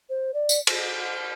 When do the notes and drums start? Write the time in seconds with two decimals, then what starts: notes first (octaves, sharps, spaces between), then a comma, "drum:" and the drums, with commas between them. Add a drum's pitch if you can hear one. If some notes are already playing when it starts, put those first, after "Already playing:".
0.09 C5
0.34 D5
0.49 drum: tambourine
0.67 drum: cymbal